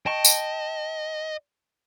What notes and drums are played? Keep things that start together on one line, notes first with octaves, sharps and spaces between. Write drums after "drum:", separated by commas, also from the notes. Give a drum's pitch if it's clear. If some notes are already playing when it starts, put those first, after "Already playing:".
D#5 G5 A5 C#6
drum: tambourine